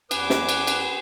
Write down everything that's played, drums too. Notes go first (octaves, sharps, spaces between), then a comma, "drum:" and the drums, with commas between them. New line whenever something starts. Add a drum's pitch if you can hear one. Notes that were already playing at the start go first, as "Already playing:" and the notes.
E2 B4 G#5 D6, drum: cymbal
drum: snare
drum: cymbal
drum: cymbal